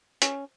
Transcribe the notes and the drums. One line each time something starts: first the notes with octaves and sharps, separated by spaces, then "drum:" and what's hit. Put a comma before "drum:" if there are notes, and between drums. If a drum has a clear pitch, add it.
C#4, drum: hi-hat